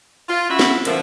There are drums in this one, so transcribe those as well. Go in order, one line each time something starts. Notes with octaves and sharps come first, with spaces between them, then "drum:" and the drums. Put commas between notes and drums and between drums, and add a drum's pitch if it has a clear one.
F4
C#4 E4 F#4 E5
drum: snare
B2 D3 F3 A#4 B4 E5, drum: hi-hat